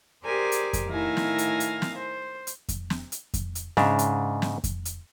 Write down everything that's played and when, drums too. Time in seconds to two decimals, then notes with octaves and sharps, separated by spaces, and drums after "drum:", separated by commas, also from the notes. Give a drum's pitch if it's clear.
0.24 G4 G#4 A#4 C5 D5 G#5
0.52 drum: hi-hat
0.73 drum: kick F2, hi-hat
0.88 A2 D#3 E4 F5 G#5 A#6
1.17 drum: snare
1.38 drum: hi-hat
1.60 drum: hi-hat
1.82 drum: snare
1.96 C5
2.47 drum: hi-hat
2.69 drum: kick F2, hi-hat
2.90 drum: snare
3.12 drum: hi-hat
3.34 drum: kick F2, hi-hat
3.55 drum: hi-hat
3.77 G#2 C#3 D4 E5 A#5, drum: snare
3.99 drum: hi-hat
4.42 drum: snare
4.64 drum: kick F2, hi-hat
4.85 drum: hi-hat